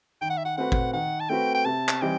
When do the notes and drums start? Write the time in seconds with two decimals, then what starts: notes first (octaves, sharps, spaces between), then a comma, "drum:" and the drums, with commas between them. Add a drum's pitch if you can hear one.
0.21 D#3 G5
0.30 F#5
0.38 E5
0.45 F#5
0.57 A3 C4 F#4 B4 F#5
0.72 drum: kick
0.93 D#3 F#5
1.20 A5
1.29 A3 C4 F#4 B4 G5
1.55 G5
1.65 C3 A5
1.88 drum: clap
2.02 E3 G3 C4 D#4 G5